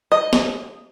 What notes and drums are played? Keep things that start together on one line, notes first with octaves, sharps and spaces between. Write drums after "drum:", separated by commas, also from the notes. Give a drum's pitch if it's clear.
D#5
drum: snare